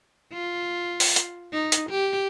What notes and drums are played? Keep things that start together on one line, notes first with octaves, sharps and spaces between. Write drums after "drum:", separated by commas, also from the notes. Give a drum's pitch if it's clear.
F4
drum: open hi-hat
drum: hi-hat
D#4
drum: hi-hat
G4